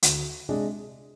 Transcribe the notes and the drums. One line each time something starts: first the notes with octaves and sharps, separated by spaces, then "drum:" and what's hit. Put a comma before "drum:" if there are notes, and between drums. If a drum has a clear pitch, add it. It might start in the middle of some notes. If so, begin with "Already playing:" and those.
D2, drum: hi-hat
C3 G#3 D4 G#4